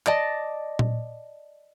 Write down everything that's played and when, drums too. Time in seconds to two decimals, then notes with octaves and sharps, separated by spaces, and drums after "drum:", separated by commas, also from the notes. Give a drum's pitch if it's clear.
0.06 D5 D#5 A5, drum: clap
0.79 drum: tom A#2